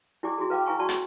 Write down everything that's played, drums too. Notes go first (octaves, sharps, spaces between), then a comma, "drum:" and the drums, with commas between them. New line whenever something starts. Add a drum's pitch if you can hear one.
E4 G4 D5 G#5 D6
E4 F#4 G#4
B4 F5 G5 D6
E4 B4 F5 G#5 A#5 C#6
F#4 D5 A5 C#6
drum: hi-hat